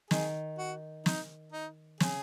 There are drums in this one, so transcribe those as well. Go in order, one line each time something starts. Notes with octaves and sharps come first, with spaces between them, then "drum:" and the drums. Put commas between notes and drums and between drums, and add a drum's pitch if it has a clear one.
D#3 G#4, drum: snare
F#4
D#4, drum: snare
D#4
C#3 G#4, drum: snare